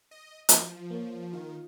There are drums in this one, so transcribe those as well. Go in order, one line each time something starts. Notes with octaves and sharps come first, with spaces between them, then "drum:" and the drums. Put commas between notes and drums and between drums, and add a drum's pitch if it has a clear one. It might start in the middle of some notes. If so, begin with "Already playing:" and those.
D#5
F3, drum: hi-hat
A#3 C#5
D#3 F4 F5